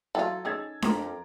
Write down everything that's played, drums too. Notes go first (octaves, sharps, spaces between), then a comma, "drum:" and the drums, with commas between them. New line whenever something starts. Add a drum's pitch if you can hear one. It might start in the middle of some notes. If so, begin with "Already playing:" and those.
E3 F#3 F4 A4
C#4 D#4 G#4 E6 G#6 A6
F2 A#4 A#5 D6, drum: snare D4